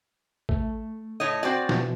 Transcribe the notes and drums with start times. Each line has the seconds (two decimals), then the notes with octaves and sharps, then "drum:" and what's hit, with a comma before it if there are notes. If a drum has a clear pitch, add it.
0.49 A3, drum: kick G#1
1.20 A2 C#5 D#5
1.43 C4 F#4 C5 D5 G#5
1.69 B2 E3 F3, drum: snare